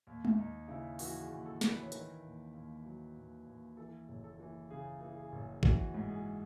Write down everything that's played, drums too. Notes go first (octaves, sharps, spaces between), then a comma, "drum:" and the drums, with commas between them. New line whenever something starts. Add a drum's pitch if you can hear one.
D#2
drum: tom G#3
D#2 D#4
C#3 E4
E3 F#4, drum: open hi-hat
G#4
D#2
A4
E3, drum: snare
B4
C#5
D#3 B4, drum: hi-hat
D#2
D#2
F#3
D#2
D#2
E3 A4
F#1
A4
E3
C#3 G#4
E3
G#4
F#1
E3 F#4, drum: kick G#1
G#2
G#4